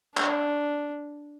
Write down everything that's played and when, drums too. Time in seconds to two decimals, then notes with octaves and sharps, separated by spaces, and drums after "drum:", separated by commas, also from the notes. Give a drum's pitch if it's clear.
0.17 D4, drum: clap